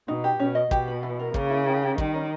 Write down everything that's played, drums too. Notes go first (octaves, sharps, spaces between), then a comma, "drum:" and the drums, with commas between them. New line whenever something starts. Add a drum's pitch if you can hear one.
B2 D#4
G4
B2 C#4
D#5
B2 G4, drum: kick
B4
E3
A#4
C#3 A#3, drum: kick
E4
D#3
G4
D#3 G3, drum: kick
C#4